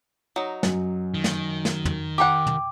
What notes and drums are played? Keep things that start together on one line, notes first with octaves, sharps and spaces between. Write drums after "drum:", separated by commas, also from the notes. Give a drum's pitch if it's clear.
F#3 D#4
F#2, drum: snare
D#3
drum: snare
drum: snare
drum: tom
G4 A#4 F#5 G5 D6
drum: tom